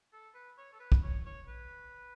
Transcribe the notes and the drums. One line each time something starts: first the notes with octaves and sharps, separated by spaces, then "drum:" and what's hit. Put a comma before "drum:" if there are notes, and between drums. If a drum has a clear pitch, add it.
A4
B4
C#5
A4
B4
drum: kick
C#5
C#5
B4